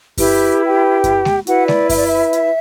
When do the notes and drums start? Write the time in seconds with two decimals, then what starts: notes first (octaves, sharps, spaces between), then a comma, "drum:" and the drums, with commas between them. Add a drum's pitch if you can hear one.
0.17 E4 G4 B4, drum: kick F#2, open hi-hat
0.66 G4 G5
1.04 drum: kick F#2, hi-hat
1.25 drum: snare G#3
1.47 E4 F#4 B4 F#5, drum: hi-hat
1.68 D5, drum: snare G#3
1.89 E5, drum: kick F#2, open hi-hat
1.98 D5
2.07 E5
2.33 drum: hi-hat